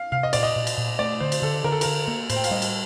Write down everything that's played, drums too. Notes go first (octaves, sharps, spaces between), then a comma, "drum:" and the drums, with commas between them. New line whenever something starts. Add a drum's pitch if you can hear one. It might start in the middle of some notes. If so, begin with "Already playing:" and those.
Already playing: F5
C3 F5
D#5
A#2 D5, drum: cymbal
D#5
A#2
drum: cymbal
A#2
A3 D5
D3 C5
drum: cymbal
D3 A4
D3 A#4
A4
D3 A#4, drum: cymbal
A#3
A2 C5, drum: cymbal
G5
F5, drum: cymbal
G3 D#5
drum: cymbal